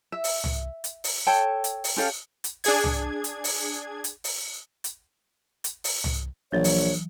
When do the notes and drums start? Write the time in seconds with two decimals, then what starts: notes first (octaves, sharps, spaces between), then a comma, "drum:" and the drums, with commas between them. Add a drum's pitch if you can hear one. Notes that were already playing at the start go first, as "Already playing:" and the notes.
0.12 E5
0.24 drum: open hi-hat
0.44 drum: tom
0.84 drum: hi-hat
1.04 drum: open hi-hat
1.27 A4 C#5 G5 A5
1.64 drum: hi-hat
1.84 drum: open hi-hat
1.97 C#4 G4 A4 F5
2.44 drum: hi-hat
2.64 D4 G#4 G#6, drum: open hi-hat
2.84 drum: tom
3.24 drum: hi-hat
3.44 drum: open hi-hat
4.04 drum: hi-hat
4.24 drum: open hi-hat
4.84 drum: hi-hat
5.64 drum: hi-hat
5.84 drum: open hi-hat
6.04 drum: tom
6.52 A#1 E3 F#3 C#5 A6
6.64 drum: open hi-hat